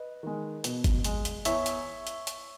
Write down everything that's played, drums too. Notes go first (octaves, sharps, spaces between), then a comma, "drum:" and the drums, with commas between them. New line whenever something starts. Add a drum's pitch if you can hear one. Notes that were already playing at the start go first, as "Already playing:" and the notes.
Already playing: B4 D#5
D#3 G#3
B2, drum: hi-hat
drum: kick G1, hi-hat
G#3, drum: hi-hat
drum: hi-hat
E2 C#5 E5, drum: hi-hat
drum: hi-hat
drum: hi-hat
drum: hi-hat